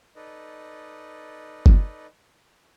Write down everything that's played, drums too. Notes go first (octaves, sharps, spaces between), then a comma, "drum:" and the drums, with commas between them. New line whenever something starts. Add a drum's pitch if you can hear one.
D#4 A4 B4 D5 D#5
drum: kick F#1